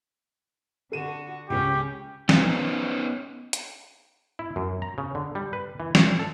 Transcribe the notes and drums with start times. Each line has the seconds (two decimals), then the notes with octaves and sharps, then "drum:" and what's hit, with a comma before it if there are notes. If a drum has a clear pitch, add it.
0.92 D3 F#4 A4 D#7 E7
1.50 C#2 C#3 C#4 G4
2.29 B3 C#4 D#4, drum: snare
3.53 drum: hi-hat
4.39 E4
4.56 F#2
4.82 A#5
4.98 C#3
5.15 D3
5.35 G3
5.53 B4
5.80 E3
5.95 F#4, drum: snare
6.19 A4